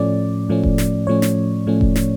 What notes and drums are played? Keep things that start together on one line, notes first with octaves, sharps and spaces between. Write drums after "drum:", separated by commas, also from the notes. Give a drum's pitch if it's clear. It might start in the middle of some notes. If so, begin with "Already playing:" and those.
Already playing: A2 F3 A3 C#4 D5
A2 F3 A3 C#4
drum: kick E1
drum: snare
A2 F3 A3 C#4 C#5
drum: snare
A2 F3 A3 C#4
drum: kick E1
drum: snare